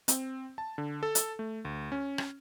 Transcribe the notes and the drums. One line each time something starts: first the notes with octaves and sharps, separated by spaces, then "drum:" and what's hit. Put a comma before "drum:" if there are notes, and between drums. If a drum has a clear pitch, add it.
C4, drum: hi-hat
A5
D3
A4
drum: hi-hat
A3
D2
C#4
drum: rim click